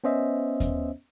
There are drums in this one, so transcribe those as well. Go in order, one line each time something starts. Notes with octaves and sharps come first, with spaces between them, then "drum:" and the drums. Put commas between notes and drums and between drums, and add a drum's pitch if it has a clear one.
B3 C#4 C5 D#5 E5
drum: kick D#2, hi-hat